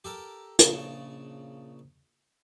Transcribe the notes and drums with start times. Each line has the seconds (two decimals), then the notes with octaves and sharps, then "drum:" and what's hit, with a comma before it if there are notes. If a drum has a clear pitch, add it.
0.04 G4 A4 A#4
0.59 A#1 C#3 A5 C#6, drum: hi-hat